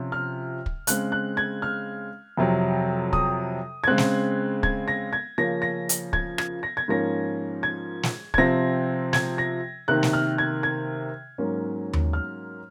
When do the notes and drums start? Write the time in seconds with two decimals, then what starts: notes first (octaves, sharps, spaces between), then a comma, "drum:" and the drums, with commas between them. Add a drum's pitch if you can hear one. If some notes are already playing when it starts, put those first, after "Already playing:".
Already playing: C3 F3 C#4
0.12 F6
0.66 drum: kick
0.87 C#3 G#3 C4 F#6, drum: hi-hat
1.12 F#6
1.37 G#6
1.62 F6
2.38 F2 C3 F#3
3.13 D#6, drum: kick
3.84 G#6
3.87 C#3 G#3 C4 F#6
3.98 drum: snare
4.63 G#6, drum: kick
4.88 A#6
5.13 G#6
5.38 C#3 F3 A#3 C#4 A#6
5.62 A#6
5.89 drum: hi-hat
6.13 G#6, drum: kick
6.38 G#6, drum: rim click
6.63 A#6
6.77 G#6
6.88 G#2 F3 A#3 C#4 A#6
7.63 G#6
8.03 drum: snare
8.34 G#6, drum: kick
8.38 C3 F3 C4 A#6
9.13 G#6, drum: snare
9.38 A#6
9.88 C3 D#3 A#3 F#6
10.03 drum: snare
10.13 F6
10.38 G#6
10.63 G#6
11.38 G#2 F#3 A#3 C#4
11.93 drum: tom D#2
12.13 F6